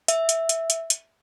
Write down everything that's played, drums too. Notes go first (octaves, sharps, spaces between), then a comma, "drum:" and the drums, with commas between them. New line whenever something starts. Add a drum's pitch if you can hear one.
E5, drum: hi-hat
drum: hi-hat
drum: hi-hat
drum: hi-hat
drum: hi-hat